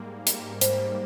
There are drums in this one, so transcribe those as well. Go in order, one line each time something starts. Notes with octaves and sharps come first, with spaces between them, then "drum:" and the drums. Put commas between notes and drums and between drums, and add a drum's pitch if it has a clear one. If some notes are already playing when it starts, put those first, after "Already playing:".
Already playing: G#2 G3 A#3
G#2 G3 A#3, drum: hi-hat
G#2 G3 A#3 C5, drum: hi-hat